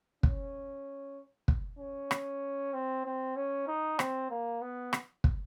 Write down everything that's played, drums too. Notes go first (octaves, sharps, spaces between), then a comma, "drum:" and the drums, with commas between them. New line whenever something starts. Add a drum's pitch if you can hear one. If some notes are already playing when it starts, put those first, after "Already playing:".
C#4, drum: kick
drum: kick
C#4
drum: rim click
C4
C4
C#4
D#4
C4, drum: rim click
A#3
B3
drum: rim click
drum: kick